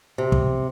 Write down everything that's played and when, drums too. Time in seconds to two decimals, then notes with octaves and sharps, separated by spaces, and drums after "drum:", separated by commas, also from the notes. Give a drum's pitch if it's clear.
0.18 C3
0.32 drum: kick